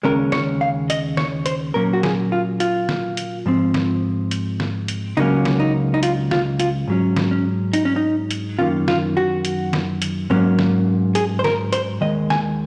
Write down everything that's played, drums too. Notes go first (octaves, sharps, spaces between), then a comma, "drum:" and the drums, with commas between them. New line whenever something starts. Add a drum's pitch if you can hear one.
D#2 C#3 G#3 C#4 A#4
C#5, drum: snare
F5
D#5, drum: hi-hat
C#5, drum: snare
C5, drum: hi-hat
A#2 F#3 A#3 C#4 A#4
F#4
G#4, drum: snare
F4
F4, drum: hi-hat
drum: snare
drum: hi-hat
G#2 F3 C4
drum: snare
drum: hi-hat
drum: snare
drum: hi-hat
C#2 C#3 F#3 A#3 C#4 D#4
drum: snare
D#4
D#4
F4, drum: hi-hat
F4, drum: snare
F4, drum: hi-hat
G#2 F#3 C#4
drum: snare
C#4
D#4, drum: hi-hat
C#4
D#4
drum: hi-hat
F#2 D#3 A#3 C#4 F4
F4, drum: snare
F#4
drum: hi-hat
drum: snare
drum: hi-hat
G#2 F#3 A#3 C#4
drum: snare
G#4, drum: hi-hat
C5
A#4, drum: snare
C5, drum: hi-hat
D#2 D#3 G#3 D#5
G#5, drum: snare